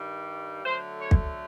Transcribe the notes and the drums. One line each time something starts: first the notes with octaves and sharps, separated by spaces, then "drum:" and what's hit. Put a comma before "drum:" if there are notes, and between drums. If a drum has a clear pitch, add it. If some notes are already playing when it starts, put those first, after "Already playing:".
Already playing: G2 D#3 G3
D3 F#3 A3 C5
C#5
drum: kick